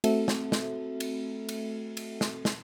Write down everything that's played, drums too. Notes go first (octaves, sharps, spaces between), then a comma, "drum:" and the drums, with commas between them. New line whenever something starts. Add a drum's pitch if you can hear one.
A3 C4 F#4 A4 E5, drum: cymbal
drum: snare
drum: snare
drum: cymbal
drum: cymbal
drum: cymbal
drum: snare
drum: snare